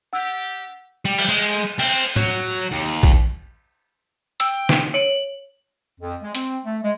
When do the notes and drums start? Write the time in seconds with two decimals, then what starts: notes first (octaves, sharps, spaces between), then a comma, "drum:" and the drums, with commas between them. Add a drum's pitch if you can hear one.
0.13 D4 G4 F#5 E6 F#6
1.05 G3
1.18 drum: cymbal
1.29 G#3
1.79 C4, drum: cymbal
2.16 F#3, drum: tom
2.71 D#2
3.03 drum: kick A#1
4.40 G5 E6, drum: hi-hat
4.69 drum: snare
4.94 C#5 D7 D#7 F#7
6.01 F2
6.23 G#3
6.35 C4, drum: hi-hat
6.65 A3
6.83 G#3